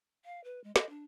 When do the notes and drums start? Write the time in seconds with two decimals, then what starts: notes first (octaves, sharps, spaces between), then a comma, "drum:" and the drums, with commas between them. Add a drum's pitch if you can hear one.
0.25 F5
0.44 B4
0.64 G#3
0.76 D#5, drum: snare
0.89 D4